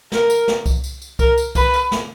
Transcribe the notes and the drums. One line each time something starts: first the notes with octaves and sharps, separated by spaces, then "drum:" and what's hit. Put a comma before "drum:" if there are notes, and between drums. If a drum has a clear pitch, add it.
A#4, drum: snare
drum: tambourine
drum: snare
drum: kick C2, tambourine
drum: tambourine
drum: tambourine
A#4, drum: kick C2, tambourine
drum: tambourine
B4, drum: kick C2, tambourine
drum: tambourine
drum: snare